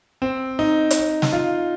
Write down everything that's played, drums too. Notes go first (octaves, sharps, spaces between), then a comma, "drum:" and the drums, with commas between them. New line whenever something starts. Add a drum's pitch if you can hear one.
C4
D#4
drum: hi-hat
drum: snare
F4